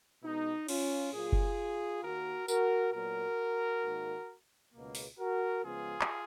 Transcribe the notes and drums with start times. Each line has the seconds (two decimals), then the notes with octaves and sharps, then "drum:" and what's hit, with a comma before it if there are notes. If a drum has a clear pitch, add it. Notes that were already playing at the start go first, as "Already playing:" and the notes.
0.23 B2 G#3 B3 D#4
0.68 C#4 F4, drum: cymbal
1.13 A#2 F#3 A#3 F4 G#4
1.32 drum: kick F#1
2.03 D#2 D#3 A#3 F#4 A#4
2.48 F#4 A#4, drum: tambourine
2.93 A#2 F#3 B3 F#4 A#4
3.83 G#2 D#3 A#3
4.73 C#2 B2 A#3
4.95 drum: open hi-hat
5.19 F#4 A#4
5.64 C#2 C#3 F3 G#3 B3 F4 G#4
6.01 drum: clap